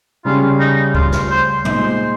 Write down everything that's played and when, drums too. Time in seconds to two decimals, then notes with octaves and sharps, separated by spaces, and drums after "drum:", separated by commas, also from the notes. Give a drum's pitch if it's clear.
0.25 C#3 G3 C#4 F4
0.60 D#4
0.95 F4, drum: kick
1.12 drum: snare
1.30 C5
1.65 A#2 G#3 D#4 C5, drum: tom